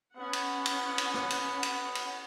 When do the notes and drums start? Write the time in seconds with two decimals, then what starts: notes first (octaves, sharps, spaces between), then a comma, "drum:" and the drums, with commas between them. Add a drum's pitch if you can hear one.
0.17 B3 C#4 F#5
0.33 drum: cymbal
0.66 drum: cymbal
0.98 drum: cymbal
1.14 drum: rim click
1.30 drum: cymbal
1.63 drum: cymbal
1.95 drum: cymbal